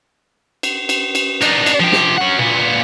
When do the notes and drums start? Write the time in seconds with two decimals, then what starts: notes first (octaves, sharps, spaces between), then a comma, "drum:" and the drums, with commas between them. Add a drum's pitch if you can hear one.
0.63 drum: cymbal
0.89 drum: cymbal
1.15 drum: cymbal
1.42 D4 D#4, drum: cymbal
1.66 drum: cymbal
1.80 F3 G4
1.92 drum: snare
2.18 C#4 F#5
2.39 A#2 B3